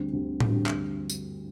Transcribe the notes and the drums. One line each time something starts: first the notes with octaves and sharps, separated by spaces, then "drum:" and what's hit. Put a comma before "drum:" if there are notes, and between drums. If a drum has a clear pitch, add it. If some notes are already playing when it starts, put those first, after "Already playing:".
Already playing: D2 D3 G3 C4
D2 D3 G3 C4
drum: tom A2
D2 D3 G3 C4
drum: clap
drum: tambourine